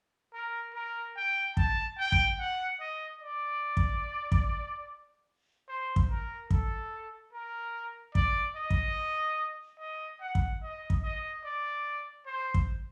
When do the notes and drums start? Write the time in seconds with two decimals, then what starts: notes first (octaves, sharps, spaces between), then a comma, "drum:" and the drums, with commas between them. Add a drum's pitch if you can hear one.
0.34 A#4
0.75 A#4
1.17 G5
1.57 A5, drum: kick
1.99 G5
2.12 drum: kick
2.40 F#5
2.81 D#5
3.22 D5
3.77 drum: kick
4.32 drum: kick
5.69 C5
5.96 drum: kick
6.10 A#4
6.51 A4, drum: kick
7.33 A#4
8.15 D5, drum: kick
8.56 D#5
8.70 drum: kick
9.80 D#5
10.21 F#5
10.35 drum: kick
10.63 D#5
10.90 drum: kick
11.04 D#5
11.45 D5
12.26 C5
12.54 drum: kick